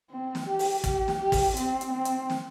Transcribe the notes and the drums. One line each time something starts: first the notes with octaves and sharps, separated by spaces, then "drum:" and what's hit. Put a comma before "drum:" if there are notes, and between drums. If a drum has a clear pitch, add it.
C4
drum: snare
G4
drum: open hi-hat
G4, drum: kick, hi-hat
drum: snare
G4
drum: kick, open hi-hat
C4, drum: hi-hat
drum: hi-hat
C4
drum: hi-hat
drum: snare